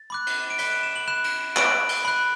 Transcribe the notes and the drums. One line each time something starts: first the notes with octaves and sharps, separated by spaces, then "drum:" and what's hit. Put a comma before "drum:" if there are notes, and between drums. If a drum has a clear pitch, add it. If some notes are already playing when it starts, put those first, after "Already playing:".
Already playing: A6
B5 D6 F#6
drum: cymbal
D7
B5 F#6 B6, drum: cymbal
D7
E7
F#7
B5 F#6 E7
drum: cymbal
B5 F#6 D7, drum: clap
drum: cymbal
B5 F#6